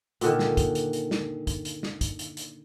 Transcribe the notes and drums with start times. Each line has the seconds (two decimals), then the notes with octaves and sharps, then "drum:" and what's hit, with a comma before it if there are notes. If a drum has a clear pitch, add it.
0.21 A#2 D3 D#3, drum: hi-hat
0.39 drum: snare
0.57 drum: kick, hi-hat
0.75 drum: hi-hat
0.93 drum: hi-hat
1.11 drum: snare
1.47 drum: kick, hi-hat
1.65 drum: hi-hat
1.83 drum: snare
2.01 drum: kick, hi-hat
2.19 drum: hi-hat
2.37 drum: hi-hat